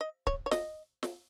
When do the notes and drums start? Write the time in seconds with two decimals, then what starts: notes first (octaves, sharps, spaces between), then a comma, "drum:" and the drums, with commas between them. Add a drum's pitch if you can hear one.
0.01 D#5
0.27 C#5, drum: kick C#1
0.46 C#5
0.51 D#5, drum: snare
1.03 drum: snare